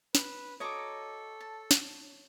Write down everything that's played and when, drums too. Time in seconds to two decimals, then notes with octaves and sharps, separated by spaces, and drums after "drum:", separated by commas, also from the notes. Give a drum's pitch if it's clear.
0.15 B4, drum: snare
0.60 F#4 A4 C#5 D#5 A#5 D6
1.41 A5
1.71 drum: snare